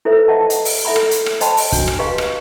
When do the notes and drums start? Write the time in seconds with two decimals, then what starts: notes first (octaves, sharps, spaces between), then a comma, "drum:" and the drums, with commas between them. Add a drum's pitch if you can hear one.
0.05 E4 A4 B4 C5 E5
0.28 D#5 E5 F#5 A5
0.50 drum: hi-hat
0.65 drum: open hi-hat
0.85 E4 A4 E5 F#5 A#5 B5
0.96 drum: rim click
1.11 drum: hi-hat
1.26 drum: rim click
1.41 C5 D#5 G5 A5 B5 C6, drum: hi-hat
1.57 drum: open hi-hat
1.72 D4 F#4, drum: kick, hi-hat
1.88 drum: rim click
1.99 G4 B4 D#5 F5 A#5 C6
2.18 drum: rim click